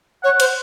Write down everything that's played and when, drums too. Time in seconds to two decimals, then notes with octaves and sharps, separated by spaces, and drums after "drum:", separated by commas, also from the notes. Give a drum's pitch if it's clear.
0.23 C#5 F#5
0.40 C5, drum: cymbal